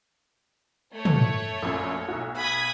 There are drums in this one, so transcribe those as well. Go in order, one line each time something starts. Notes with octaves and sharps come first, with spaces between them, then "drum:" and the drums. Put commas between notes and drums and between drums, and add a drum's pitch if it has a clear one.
A3 C#5
drum: tom
A#1 F#2
B1 F#4
B5 D#6 G#6